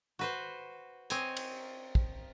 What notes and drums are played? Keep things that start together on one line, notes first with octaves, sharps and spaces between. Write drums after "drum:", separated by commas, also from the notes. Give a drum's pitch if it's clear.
F#4 B4 C5
C4 C#5 D#5 G#5, drum: hi-hat
drum: cymbal
drum: kick